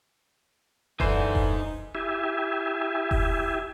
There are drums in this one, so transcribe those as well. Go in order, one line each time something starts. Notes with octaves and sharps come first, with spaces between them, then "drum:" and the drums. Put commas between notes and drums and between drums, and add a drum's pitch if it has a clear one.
F#2 D3 E3 D#4 C5 G#5, drum: kick F1
drum: kick F1
E4 G4 E5 G#5
drum: kick F1